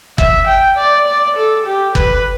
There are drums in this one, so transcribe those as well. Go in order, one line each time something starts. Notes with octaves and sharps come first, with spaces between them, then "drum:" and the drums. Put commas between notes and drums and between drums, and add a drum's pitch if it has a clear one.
E5, drum: kick
G5
D5
D5
A4
G4
B4, drum: kick